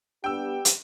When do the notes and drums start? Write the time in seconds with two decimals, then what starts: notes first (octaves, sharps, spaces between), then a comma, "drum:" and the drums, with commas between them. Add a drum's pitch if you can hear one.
0.24 G3 B3 D4 G4 G5 E6
0.65 drum: hi-hat